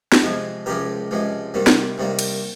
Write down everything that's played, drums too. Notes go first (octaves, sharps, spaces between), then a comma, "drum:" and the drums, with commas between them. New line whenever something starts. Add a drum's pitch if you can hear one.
drum: snare
F2 C3 F3 G#3
C#2 C3 F3 G#3 G4 A#4
C#2 C3 F3 G#3
C2 C3 D#3 G3 A#3
drum: snare
C2 C3 D#3 G3 A#3
drum: cymbal